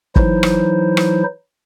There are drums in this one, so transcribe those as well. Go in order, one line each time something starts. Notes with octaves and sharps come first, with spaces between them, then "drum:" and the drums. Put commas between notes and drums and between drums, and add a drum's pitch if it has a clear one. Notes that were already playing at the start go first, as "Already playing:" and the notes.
E3 F#3 D#4 E4 C5, drum: kick
drum: rim click
drum: rim click